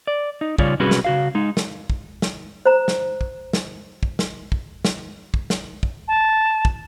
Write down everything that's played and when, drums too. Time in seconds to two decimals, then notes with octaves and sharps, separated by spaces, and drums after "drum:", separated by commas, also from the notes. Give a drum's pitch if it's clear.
0.07 D5
0.41 D#4
0.58 C#3 G3 F4 C#5 D5, drum: kick
0.80 C3 G3 C#4 F#4 G#4 B4
0.91 drum: snare
1.05 C#3 F#4 F5
1.35 G#3 D#4
1.57 drum: snare
1.90 drum: kick
2.22 drum: snare
2.65 C5 A#5
2.88 drum: snare
3.21 drum: kick
3.53 drum: snare
4.03 drum: kick
4.19 drum: snare
4.52 drum: kick
4.85 drum: snare
5.34 drum: kick
5.50 drum: snare
5.83 drum: kick
6.08 A5
6.65 drum: kick